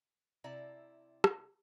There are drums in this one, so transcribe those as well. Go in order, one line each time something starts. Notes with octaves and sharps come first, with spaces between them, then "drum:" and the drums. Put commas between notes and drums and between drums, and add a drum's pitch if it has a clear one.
C3 E4 D5 A5 A#5
drum: rim click